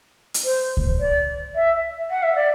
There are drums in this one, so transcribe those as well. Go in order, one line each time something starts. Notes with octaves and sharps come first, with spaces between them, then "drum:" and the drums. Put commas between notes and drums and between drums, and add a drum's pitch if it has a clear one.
drum: hi-hat
C5
drum: kick C#2
D5
E5
F#5
E5
D5